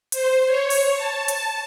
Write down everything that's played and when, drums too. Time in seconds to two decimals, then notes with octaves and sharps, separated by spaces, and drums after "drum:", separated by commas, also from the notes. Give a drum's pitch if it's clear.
0.12 C5, drum: hi-hat
0.46 C#5
0.70 drum: open hi-hat
0.95 A5
1.28 drum: hi-hat